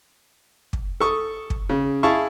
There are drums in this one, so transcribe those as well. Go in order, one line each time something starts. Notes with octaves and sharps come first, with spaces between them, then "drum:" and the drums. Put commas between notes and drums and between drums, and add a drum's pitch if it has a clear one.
drum: kick
A4 C#6 D#6
drum: kick
C#3
E4 G#4 F5 A5 C#6